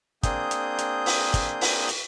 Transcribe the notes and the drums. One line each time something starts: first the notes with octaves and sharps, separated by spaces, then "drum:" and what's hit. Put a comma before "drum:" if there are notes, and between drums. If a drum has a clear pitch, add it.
A#3 C4 D4 G#4 D#6 G6, drum: kick, hi-hat
drum: hi-hat
drum: hi-hat
drum: open hi-hat
drum: kick, hi-hat
drum: open hi-hat
drum: hi-hat